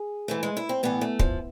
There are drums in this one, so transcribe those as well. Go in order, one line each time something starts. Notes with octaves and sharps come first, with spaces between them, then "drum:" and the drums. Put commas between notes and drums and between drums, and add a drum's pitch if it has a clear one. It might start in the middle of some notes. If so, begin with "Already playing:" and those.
Already playing: G#4
G#2 E3 A3
G#3
E4
C4
A2 E3 B3
A3
F3, drum: kick